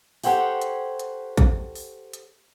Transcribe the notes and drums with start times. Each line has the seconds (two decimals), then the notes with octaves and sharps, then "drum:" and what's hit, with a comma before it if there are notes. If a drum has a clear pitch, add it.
0.24 G4 A4 C5 C#5 F#5 G5, drum: open hi-hat
0.62 drum: hi-hat
1.00 drum: hi-hat
1.37 drum: kick, hi-hat
1.75 drum: open hi-hat
2.13 drum: hi-hat